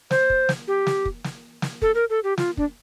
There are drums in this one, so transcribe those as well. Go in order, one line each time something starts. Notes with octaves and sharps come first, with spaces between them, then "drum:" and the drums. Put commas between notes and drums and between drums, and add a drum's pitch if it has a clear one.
C5, drum: snare
drum: kick
drum: snare
G4
drum: snare
drum: kick
drum: snare
drum: snare
A4, drum: kick
A#4
A4
G4
F4, drum: snare
D4, drum: kick